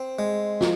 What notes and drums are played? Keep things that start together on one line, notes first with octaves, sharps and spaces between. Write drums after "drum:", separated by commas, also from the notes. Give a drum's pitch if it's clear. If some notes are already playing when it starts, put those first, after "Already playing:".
Already playing: C4
G#3
F3, drum: snare